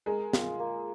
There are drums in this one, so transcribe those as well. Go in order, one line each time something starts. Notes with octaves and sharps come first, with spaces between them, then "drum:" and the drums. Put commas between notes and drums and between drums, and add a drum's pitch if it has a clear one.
G#3 A#4
F4, drum: snare
A#3